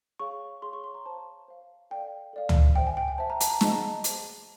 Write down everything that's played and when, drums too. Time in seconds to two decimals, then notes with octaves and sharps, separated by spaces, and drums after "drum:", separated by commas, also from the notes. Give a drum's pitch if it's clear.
0.19 G#4 C#5 F5 C#6
0.62 G#4 C#5 F5 C6
0.73 C#6
0.84 C6
0.94 A#5
1.06 C5 F5 A5
1.48 C5 F5
1.91 A4 D5 F5 G5
2.33 A4 D5 F5
2.49 drum: tom C#2
2.75 C5 E5 G5
2.87 G#5
2.97 G5
3.08 G5
3.18 C5 E5 G5 A5
3.30 A#5
3.40 A5, drum: hi-hat
3.50 A#5
3.61 G#4 C5 D#5 F#5 A5, drum: snare
3.71 A#5
3.83 A5
4.04 G#4 C5 D#5 F#5 A5, drum: hi-hat